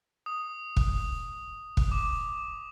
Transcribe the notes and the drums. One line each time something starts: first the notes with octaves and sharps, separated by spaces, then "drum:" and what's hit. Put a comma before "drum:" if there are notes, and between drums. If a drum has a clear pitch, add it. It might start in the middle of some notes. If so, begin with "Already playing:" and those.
D#6
drum: kick
drum: kick
D6